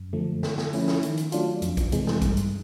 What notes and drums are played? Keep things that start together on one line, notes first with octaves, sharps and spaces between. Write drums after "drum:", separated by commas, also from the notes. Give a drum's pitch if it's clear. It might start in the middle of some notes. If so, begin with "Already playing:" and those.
Already playing: F#2
D3 F3 A3
D3, drum: snare
drum: snare
F3 A3 C#4 E4, drum: open hi-hat
drum: snare
D#3, drum: hi-hat
drum: hi-hat
F#3 A3 D4 F4, drum: hi-hat
F2, drum: hi-hat
drum: kick A#1, hi-hat
C3 E3 G#3, drum: hi-hat
drum: snare
G2, drum: kick A#1, hi-hat
drum: hi-hat